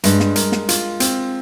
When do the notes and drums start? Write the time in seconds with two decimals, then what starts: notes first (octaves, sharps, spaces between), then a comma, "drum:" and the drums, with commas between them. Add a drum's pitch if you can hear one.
0.04 G2 G#3, drum: hi-hat
0.20 drum: snare
0.36 A#4, drum: hi-hat
0.52 drum: snare
0.69 F4, drum: hi-hat
1.00 C4, drum: hi-hat